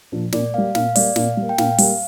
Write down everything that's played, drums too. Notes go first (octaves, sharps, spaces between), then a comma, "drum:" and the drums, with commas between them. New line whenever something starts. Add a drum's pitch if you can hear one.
A#2 F3 A#3 D4
A#2 D5, drum: snare
G3 A#3 F5
A#2 F5, drum: snare
G3 A#3 D5, drum: open hi-hat
A#2 F5, drum: snare
G3 A#3
G5
A#2 F5, drum: snare
G3 A#3, drum: open hi-hat